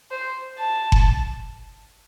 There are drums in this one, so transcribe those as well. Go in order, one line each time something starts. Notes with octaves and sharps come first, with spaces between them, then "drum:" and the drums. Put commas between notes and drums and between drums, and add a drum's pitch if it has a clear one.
C5
A5
drum: kick F#1